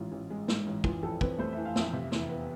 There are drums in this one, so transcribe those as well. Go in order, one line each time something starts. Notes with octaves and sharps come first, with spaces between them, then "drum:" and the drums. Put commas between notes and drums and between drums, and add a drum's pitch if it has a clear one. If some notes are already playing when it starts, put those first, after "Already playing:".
Already playing: A1 G#2 F4
A1
G#3
G#2, drum: snare
A1
E3 F4, drum: kick
F2 A4
C4 B4, drum: kick
A3 C5
E5
E3
F5
F2 E5, drum: snare
C3
E2, drum: snare
B3